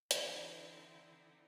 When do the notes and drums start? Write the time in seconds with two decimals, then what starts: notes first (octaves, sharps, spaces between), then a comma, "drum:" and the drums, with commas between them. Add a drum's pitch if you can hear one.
0.11 D3 E3 C4 D#4 E4, drum: hi-hat